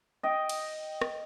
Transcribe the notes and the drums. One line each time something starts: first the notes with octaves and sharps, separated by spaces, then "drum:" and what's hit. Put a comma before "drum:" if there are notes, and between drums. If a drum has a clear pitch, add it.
D#5 G5
drum: cymbal
drum: rim click